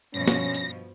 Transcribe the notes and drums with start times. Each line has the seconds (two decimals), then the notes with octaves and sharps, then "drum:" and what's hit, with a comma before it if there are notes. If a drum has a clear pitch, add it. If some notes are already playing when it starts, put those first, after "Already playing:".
0.14 G2 B2 F3 C#4 A#6
0.28 drum: snare
0.54 drum: hi-hat